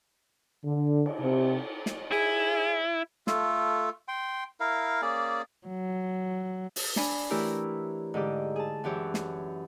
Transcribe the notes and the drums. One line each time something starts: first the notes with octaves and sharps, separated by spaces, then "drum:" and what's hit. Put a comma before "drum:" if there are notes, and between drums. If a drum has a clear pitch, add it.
D3
drum: cymbal
C3
drum: snare
E4 G#4
A3 F4 A4, drum: snare
G5 C6
E4 A#4 F5
A#3 C#4 G#4 D5
F#3
drum: open hi-hat
D4 G#5 B5, drum: snare
E3 A3 E4 G4 A#4 C#5
G#2 D3 G4
G#4 A5
F#2 E3 G4 C#5
drum: snare